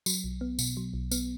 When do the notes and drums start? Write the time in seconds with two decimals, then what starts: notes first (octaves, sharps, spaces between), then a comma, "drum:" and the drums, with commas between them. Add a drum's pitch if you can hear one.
0.06 F#3, drum: tambourine
0.24 B1
0.41 B3
0.59 B2, drum: tambourine
0.77 F#3
0.94 B1
1.11 B3, drum: tambourine